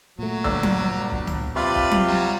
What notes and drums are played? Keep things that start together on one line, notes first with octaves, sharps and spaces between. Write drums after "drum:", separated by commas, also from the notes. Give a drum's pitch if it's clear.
A#2 F#3 A3
G1 D5 E6, drum: kick
drum: tom F#3
drum: kick
drum: tom C#2
C3 F4 B4 D5 E5 C6
drum: kick
drum: tom F#3
F#3 G3